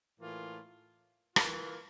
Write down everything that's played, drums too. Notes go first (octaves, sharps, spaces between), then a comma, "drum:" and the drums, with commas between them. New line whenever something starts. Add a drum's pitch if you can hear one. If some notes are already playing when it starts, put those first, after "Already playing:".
A2 E3 A#3 F4
E3 A#3 F4, drum: rim click